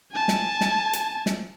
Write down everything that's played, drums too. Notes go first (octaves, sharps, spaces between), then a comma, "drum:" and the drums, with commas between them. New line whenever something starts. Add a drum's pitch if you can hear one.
G#5 A5
drum: snare
drum: snare
drum: hi-hat
drum: snare